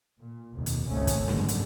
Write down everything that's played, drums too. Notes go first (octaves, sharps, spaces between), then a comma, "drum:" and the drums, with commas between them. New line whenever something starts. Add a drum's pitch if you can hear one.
A#2
F1 D#2 B2
drum: hi-hat
G#1 C#2 C3 A3 C#4
drum: kick, hi-hat
F#1 D#2 G#2 D3 G3, drum: snare
drum: hi-hat